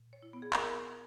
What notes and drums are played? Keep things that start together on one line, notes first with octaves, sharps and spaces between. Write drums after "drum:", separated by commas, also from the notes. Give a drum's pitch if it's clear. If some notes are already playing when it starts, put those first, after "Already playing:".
Already playing: A#2
C#5
E4
B3
G#4
A#4, drum: clap